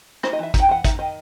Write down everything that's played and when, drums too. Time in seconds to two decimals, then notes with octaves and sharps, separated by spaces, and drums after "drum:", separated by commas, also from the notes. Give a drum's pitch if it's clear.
0.23 D#4 C5, drum: rim click
0.33 D#5
0.39 E3 E5
0.54 D#4, drum: kick, hi-hat
0.59 G5
0.69 E3 F#5
0.84 D#4 E5, drum: kick, hi-hat
0.99 D#3 D#5